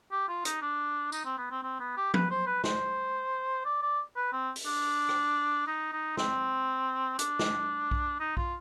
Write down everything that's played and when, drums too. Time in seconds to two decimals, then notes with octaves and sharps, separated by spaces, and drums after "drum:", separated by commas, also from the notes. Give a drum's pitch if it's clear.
0.12 G4
0.28 F4
0.45 D#4, drum: hi-hat
0.62 D4
1.12 D#4, drum: tambourine
1.25 C4
1.38 B3
1.51 C4
1.63 C4
1.80 B3
1.97 G4
2.14 B4, drum: tom F3
2.31 C5
2.47 B4
2.64 C5, drum: snare
3.65 D5
3.82 D5
4.16 B4
4.32 C4
4.56 drum: open hi-hat
4.66 D4
5.09 drum: rim click
5.67 D#4
5.92 D#4
6.17 C4, drum: snare
7.19 D4, drum: hi-hat
7.39 drum: snare
7.91 drum: kick B1
8.20 D#4
8.37 F4, drum: kick B1